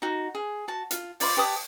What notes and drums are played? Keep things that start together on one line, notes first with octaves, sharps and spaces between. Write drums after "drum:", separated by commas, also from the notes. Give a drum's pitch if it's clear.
D#4 F#4
G#4
F#4 A5
F4, drum: hi-hat
F4 D5 B5 C6, drum: open hi-hat
G4 B4 A5 D#6